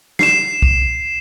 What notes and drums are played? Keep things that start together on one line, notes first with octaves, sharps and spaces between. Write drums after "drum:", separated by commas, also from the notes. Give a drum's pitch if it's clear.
C7 E7, drum: snare
drum: kick